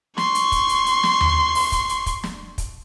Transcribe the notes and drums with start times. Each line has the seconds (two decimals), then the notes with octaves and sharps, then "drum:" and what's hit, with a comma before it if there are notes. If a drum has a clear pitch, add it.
0.18 C6 C#6, drum: snare
0.35 drum: hi-hat
0.52 drum: kick, hi-hat
0.69 drum: hi-hat
0.86 drum: hi-hat
1.03 drum: snare
1.21 drum: tom D#2
1.55 drum: open hi-hat
1.72 drum: kick, hi-hat
1.89 drum: hi-hat
2.06 drum: kick, hi-hat
2.24 drum: snare
2.58 drum: kick, hi-hat